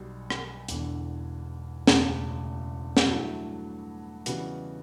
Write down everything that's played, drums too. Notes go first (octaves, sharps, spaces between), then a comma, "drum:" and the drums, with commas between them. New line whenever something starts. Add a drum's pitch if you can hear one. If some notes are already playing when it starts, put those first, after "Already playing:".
Already playing: B1 B2 G3
drum: rim click
E1 E2 D3, drum: hi-hat
E1 D2 C#3, drum: snare
drum: snare
G2 F#3 A3 E4
C#3 E3 G3 B3 F#4, drum: hi-hat